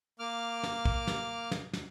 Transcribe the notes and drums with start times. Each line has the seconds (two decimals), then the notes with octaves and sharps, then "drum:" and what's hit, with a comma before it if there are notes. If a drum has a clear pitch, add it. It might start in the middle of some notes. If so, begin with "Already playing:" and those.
0.19 A#3 D6 F6
0.63 drum: snare
0.85 drum: kick
1.07 drum: snare
1.51 drum: snare
1.73 drum: snare